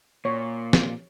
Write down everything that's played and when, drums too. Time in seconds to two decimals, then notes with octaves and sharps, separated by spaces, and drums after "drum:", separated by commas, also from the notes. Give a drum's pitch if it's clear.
0.25 A#2 C#5
0.73 drum: snare